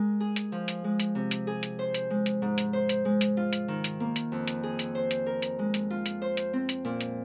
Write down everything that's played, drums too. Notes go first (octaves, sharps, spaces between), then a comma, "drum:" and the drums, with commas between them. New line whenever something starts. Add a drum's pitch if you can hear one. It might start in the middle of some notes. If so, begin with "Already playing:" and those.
Already playing: G#3 A#4
G#4
drum: hi-hat
F3
drum: hi-hat
G#3
drum: hi-hat
C3
drum: hi-hat
G#4
drum: hi-hat
C5
drum: hi-hat
G#3
drum: hi-hat
G#2
drum: hi-hat
C5
drum: hi-hat
G#3
drum: hi-hat
F4
drum: hi-hat
D#3
drum: hi-hat
A#3
drum: hi-hat
F2
drum: hi-hat
G#4
drum: hi-hat
C5
drum: hi-hat
A#4
drum: hi-hat
G#3
drum: hi-hat
F4
drum: hi-hat
C5
drum: hi-hat
C4
drum: hi-hat
A#2
drum: hi-hat